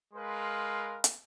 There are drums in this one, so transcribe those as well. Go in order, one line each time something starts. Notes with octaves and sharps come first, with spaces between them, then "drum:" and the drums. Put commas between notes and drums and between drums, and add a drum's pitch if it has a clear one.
G#3 A#4 B4 F5 C6
drum: hi-hat